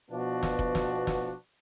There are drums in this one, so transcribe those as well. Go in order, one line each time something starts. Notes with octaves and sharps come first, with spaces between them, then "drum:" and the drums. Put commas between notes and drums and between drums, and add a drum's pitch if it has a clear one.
B2 F3 B3 D4 F#4
drum: snare
drum: kick F1
drum: snare
drum: snare